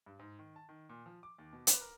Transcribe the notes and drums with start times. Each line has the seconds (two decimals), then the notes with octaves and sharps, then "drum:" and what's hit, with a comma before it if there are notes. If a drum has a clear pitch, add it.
0.06 G2
0.19 G#2
0.39 D#3
0.56 A5
0.69 D#3
0.89 A#2
1.06 F3
1.23 D6
1.38 D#2
1.53 B2
1.67 B4, drum: hi-hat
1.81 A#4